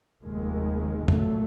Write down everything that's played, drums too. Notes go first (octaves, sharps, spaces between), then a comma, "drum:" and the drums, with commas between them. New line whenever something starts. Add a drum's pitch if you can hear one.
F1 D#2 D#3 G#3
C2 A#2 F#3 A3, drum: tom